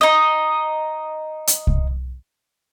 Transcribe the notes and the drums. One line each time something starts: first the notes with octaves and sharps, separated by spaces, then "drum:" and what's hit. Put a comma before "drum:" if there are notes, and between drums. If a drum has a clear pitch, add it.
D#4 D#5
drum: hi-hat
drum: kick C2